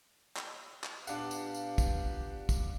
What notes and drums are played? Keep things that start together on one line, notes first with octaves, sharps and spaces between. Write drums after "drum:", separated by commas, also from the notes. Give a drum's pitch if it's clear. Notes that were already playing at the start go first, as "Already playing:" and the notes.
drum: clap
drum: clap
A#2 B3 D4 G4 F5 F#5, drum: tambourine
drum: tambourine
drum: tambourine
drum: kick, tambourine
drum: kick, tambourine